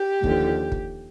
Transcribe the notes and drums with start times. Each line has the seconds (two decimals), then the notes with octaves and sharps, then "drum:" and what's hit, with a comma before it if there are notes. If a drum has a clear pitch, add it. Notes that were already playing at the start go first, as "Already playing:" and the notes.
Already playing: G4
0.24 D#2 D3 F3, drum: kick
0.72 drum: kick